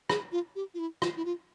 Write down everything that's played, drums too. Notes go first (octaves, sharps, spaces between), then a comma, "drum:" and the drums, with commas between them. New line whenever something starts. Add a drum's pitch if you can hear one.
G#4, drum: rim click
F4
G4
F4
E4
F4, drum: rim click
E4
F4